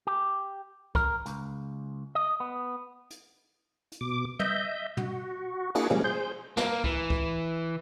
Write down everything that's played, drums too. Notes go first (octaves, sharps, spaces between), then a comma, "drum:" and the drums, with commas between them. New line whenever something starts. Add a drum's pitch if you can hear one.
G4
A#4, drum: kick C#2
C#2, drum: hi-hat
D#5
B3
drum: hi-hat
drum: hi-hat
B2 D6
D#5 E5 G6, drum: tom
F#4, drum: tom
A#3 D4 E4 F#4 G#4, drum: cymbal
F3 G3 G#3 A#3 C#4, drum: tom
G#4 C5 G6
A#3, drum: snare
E3, drum: kick C#2
drum: kick C#2